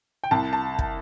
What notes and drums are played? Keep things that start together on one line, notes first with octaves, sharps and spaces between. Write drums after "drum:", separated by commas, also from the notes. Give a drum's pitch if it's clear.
G5
C2 A5
A5
drum: kick